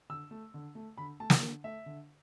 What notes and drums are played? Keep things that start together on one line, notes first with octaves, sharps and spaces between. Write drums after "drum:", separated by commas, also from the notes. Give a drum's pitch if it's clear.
D3 E6
A3
D3
A3
D3 B5
A3 A5
drum: snare
D3
A3 E5
D3